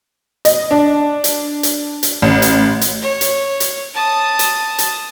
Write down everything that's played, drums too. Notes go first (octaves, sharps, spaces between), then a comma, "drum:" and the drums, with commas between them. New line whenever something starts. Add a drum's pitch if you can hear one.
D#5, drum: hi-hat
D4
drum: hi-hat
drum: hi-hat
drum: hi-hat
A1
drum: hi-hat
drum: hi-hat
C#5
drum: hi-hat
drum: hi-hat
A5 D#6
drum: hi-hat
drum: hi-hat